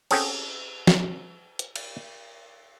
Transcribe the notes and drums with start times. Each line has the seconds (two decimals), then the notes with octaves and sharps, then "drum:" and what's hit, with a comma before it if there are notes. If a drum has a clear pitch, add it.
0.11 C4 C#4 G#4 A4 F#5 G5, drum: cymbal
0.87 drum: snare
1.59 drum: hi-hat
1.76 drum: cymbal